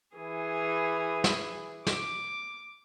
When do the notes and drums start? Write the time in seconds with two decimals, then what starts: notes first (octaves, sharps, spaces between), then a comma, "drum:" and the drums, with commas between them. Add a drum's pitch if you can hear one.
0.16 E3 G#4
1.24 drum: snare
1.87 D6, drum: snare